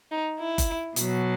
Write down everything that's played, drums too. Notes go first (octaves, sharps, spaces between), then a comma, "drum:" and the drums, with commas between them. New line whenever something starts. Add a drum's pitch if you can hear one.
D#4
E4
drum: kick F#1, hi-hat
B2 F#3, drum: hi-hat